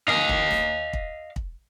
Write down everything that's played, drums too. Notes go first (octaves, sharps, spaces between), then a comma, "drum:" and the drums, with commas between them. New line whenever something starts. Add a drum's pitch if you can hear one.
D#5 F5
drum: kick
drum: snare
drum: kick
drum: kick